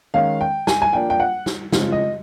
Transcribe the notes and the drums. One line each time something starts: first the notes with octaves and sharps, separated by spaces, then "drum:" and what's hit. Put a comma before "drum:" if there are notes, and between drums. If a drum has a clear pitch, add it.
D#3 G#3 C#4 F5
G5
G#5, drum: snare
G#5
F3 A#3 D4 G5
G5
F#5
drum: snare
C#3 F3 G#3 C4, drum: snare
D#5